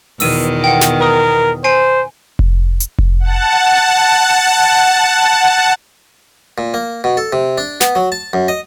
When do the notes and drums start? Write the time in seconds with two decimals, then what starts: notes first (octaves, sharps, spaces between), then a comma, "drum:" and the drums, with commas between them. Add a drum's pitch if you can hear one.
0.20 E2 B2 D#3 E6 D#7, drum: open hi-hat
0.64 F#5 G5
0.81 drum: snare
1.01 A#4 B4 D#6
1.64 C5 G#5 C7 D7
2.39 drum: kick F1
2.80 drum: hi-hat
2.98 drum: kick F1
3.20 F#5 A5
6.58 A#2
6.74 A#3
7.04 B2
7.17 A4
7.33 C3
7.58 D4
7.81 B3, drum: snare
7.95 F#3
8.12 A5
8.33 F#2
8.48 D#5